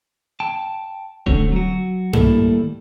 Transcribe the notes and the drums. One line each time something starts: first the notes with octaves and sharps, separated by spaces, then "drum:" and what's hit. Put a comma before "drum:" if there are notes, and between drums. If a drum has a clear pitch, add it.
G5 A5
D3 A3 C4 F#4 C#5, drum: kick D#1
F#3 F#4
D#2 A2 G3 A#3 E4 A4, drum: tom G2